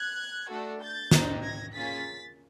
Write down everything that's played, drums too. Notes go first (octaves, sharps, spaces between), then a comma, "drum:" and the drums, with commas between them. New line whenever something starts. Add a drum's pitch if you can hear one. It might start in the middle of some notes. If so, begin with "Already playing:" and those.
Already playing: F#6 G#6
A3 D4 F#4 A4
G6 A6
C4 D#4 G4, drum: snare
G#6 A#6
A#3 C#4 F4 G#4 A6 B6